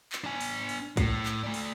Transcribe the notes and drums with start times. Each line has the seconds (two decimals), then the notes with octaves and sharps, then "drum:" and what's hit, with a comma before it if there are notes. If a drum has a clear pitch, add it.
0.12 drum: clap
0.24 D4 G#5
0.41 drum: open hi-hat
0.69 drum: open hi-hat
0.97 A2, drum: kick B1, hi-hat
1.26 drum: clap
1.43 A3 D5
1.54 drum: open hi-hat